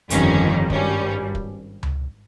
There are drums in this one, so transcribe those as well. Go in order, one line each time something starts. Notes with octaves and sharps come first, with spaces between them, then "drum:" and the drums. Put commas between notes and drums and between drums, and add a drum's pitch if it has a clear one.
G1 F2 D#3 G3 C#4, drum: hi-hat
G#1 G2 G3 C#4, drum: kick
drum: kick
drum: tom C#2